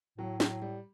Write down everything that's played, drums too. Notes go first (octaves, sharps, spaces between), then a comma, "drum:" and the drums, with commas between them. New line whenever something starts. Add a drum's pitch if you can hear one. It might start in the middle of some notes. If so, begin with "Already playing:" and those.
A2 F#3
F#3, drum: snare
G3